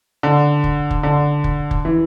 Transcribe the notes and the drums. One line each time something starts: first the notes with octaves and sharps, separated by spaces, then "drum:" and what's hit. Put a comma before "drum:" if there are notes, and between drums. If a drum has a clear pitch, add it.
D3
drum: kick
drum: kick
D3
drum: kick
drum: kick
E3